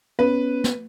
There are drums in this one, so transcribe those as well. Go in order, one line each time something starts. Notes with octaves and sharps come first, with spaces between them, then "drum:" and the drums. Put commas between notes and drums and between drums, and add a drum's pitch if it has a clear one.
B3 C#4 B4
drum: snare